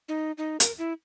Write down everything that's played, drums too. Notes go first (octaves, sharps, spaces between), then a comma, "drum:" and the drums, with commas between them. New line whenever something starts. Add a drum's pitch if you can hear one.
D#4
D#4
A#4, drum: hi-hat
E4